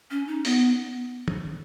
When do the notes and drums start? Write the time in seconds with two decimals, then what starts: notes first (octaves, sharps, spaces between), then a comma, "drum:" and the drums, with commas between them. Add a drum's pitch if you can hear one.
0.11 C#4
0.27 D#4
0.45 B3, drum: open hi-hat
1.28 drum: tom